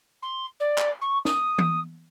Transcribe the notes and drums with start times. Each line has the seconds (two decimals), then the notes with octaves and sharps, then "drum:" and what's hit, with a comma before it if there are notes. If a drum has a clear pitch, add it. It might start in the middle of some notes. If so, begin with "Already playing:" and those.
0.23 C6
0.60 D5
0.78 drum: clap
1.01 C#6
1.25 D#6, drum: snare
1.58 drum: tom E3